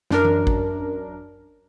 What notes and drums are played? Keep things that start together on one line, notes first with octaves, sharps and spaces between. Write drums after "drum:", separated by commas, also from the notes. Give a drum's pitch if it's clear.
F#2 D4 A#4, drum: snare
drum: tom E3
drum: kick